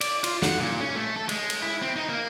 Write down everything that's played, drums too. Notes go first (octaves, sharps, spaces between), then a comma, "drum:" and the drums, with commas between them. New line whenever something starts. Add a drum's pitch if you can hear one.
D5, drum: cymbal
F4, drum: cymbal
F#5, drum: snare
A#2
C#4
A3
A4
G#3, drum: cymbal
drum: cymbal
E4
C4
D#4
A#3